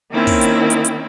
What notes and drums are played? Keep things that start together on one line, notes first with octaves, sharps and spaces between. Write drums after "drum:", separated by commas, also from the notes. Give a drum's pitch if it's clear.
D#3 A#3 C4 C#4 E4
drum: kick, open hi-hat
drum: hi-hat
drum: hi-hat
drum: hi-hat